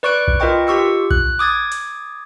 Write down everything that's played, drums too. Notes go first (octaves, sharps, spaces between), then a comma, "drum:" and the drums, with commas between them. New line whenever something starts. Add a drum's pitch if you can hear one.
B4 D5 C#6 F#6 D7
drum: kick B1
F4 A#4 B4 D#5 G5 C#6
F4 G4 C#6 E6 C#7
F#6, drum: kick B1
D6 D#6 G#6 A6
drum: hi-hat